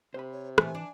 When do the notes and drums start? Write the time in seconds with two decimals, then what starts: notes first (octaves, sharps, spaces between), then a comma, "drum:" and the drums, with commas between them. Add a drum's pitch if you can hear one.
0.14 C3 C5 B5
0.32 C#5
0.58 A#2 E3 A3 G#5, drum: rim click
0.75 D4